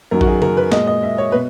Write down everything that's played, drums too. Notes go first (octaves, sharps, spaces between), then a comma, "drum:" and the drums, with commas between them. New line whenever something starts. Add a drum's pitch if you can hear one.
F#2 D#3 F#3 A#4
F#4, drum: kick A1
G#4
A#4, drum: tom C#3
B4
A#2 G#3 D#5, drum: snare
D#5
E5
C#5
B2 B4